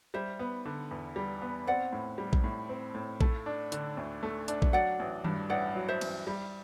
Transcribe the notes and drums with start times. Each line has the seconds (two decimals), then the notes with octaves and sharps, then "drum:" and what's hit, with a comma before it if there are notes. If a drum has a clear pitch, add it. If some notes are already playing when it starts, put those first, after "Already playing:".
0.14 G3 C5 E5
0.39 B3
0.65 D3
0.91 E2
1.16 G3
1.42 B3
1.67 C4 D5 F#5
1.93 A2
2.18 G3
2.33 drum: kick A#1
2.44 A2
2.69 C4
2.95 A2
3.21 A3, drum: kick A#1
3.46 D4
3.72 D3, drum: hi-hat
3.97 D2
4.23 A3
4.48 D4, drum: hi-hat
4.62 drum: kick A#1
4.73 F#3 D5 F#5
5.00 A1
5.24 G2, drum: tom D#3
5.50 A1 D5 F#5
5.75 F#3
5.88 C5 E5
6.01 A1, drum: cymbal
6.27 G3